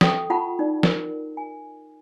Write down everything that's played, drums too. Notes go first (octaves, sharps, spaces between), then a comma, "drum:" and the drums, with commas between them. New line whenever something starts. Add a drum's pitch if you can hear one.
A4 E5 G5 C#6 D#6, drum: snare
F4 F#5 A5 B5 C#6
D#4 D5
A#4, drum: snare
G#5